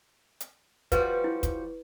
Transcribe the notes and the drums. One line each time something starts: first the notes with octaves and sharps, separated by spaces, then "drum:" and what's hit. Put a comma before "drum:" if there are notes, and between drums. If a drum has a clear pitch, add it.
drum: hi-hat
F3 G3 F#4 B4, drum: kick, hi-hat
E4
drum: kick, hi-hat